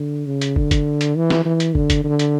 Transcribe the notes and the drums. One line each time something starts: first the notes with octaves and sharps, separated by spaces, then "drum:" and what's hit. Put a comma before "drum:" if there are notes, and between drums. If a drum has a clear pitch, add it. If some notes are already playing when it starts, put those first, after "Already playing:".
Already playing: D3
C#3
drum: hi-hat
D3, drum: kick
drum: kick, hi-hat
drum: hi-hat
E3
drum: snare
E3
drum: hi-hat
D3, drum: kick
drum: kick, hi-hat
D3
drum: hi-hat